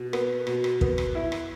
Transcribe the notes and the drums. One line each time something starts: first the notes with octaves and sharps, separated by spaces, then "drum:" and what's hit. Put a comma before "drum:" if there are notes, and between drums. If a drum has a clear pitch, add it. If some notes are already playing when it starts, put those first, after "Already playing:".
Already playing: B2
B3, drum: rim click
B2, drum: rim click
drum: rim click
B3, drum: kick
drum: rim click
E4
drum: rim click